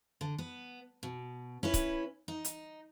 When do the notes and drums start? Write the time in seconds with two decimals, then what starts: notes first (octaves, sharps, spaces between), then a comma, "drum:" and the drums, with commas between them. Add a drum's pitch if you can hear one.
0.21 D3
0.39 B3
1.03 B2
1.63 C#4 E4 B4
1.74 drum: kick C#1, hi-hat
2.28 D#4
2.45 drum: hi-hat